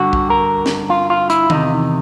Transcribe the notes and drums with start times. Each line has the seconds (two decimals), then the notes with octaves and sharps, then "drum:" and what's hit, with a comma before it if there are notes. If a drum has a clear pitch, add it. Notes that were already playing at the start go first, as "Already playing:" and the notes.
Already playing: G2 D3 F#4
0.13 drum: kick B1
0.30 A#4
0.66 drum: snare
0.90 F4
1.10 F4
1.30 E4, drum: hi-hat
1.50 E2 C3 D#3 D#4, drum: tom D#3